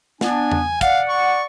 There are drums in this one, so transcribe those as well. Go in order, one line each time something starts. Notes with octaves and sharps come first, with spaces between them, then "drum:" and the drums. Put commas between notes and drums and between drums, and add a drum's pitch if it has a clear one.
B3 D4 G#5, drum: snare
drum: tom E2
D5 F5 F#5, drum: kick, hi-hat
C#6